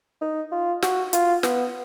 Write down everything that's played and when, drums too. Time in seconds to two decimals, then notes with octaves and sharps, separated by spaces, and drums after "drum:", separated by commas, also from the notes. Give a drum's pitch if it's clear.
0.21 D#4
0.52 F4
0.82 F#4, drum: snare
1.13 F4, drum: hi-hat
1.43 B3, drum: snare